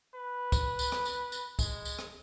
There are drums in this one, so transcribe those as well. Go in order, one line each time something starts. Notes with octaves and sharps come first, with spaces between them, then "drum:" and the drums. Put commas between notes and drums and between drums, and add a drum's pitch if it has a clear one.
B4
drum: kick, tambourine
drum: tambourine
drum: rim click
drum: tambourine
drum: tambourine
G#3, drum: kick, tambourine
drum: tambourine
drum: rim click